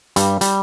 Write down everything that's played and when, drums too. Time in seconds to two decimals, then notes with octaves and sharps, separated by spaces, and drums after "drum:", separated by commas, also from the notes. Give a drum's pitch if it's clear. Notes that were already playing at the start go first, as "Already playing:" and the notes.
0.16 G2 G3, drum: hi-hat
0.41 G3, drum: hi-hat